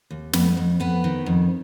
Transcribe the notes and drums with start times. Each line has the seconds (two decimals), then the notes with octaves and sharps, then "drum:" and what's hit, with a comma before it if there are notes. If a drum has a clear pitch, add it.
0.10 D#2
0.33 F2 B3 B4, drum: snare
0.57 F2
0.80 F2 B3 B4
1.04 D#3
1.26 F2